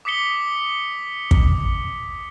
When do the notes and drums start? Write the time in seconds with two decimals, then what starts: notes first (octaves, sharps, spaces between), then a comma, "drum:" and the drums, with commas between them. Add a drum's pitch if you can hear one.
0.05 D6 D#6 B6 C#7 G7
1.31 drum: kick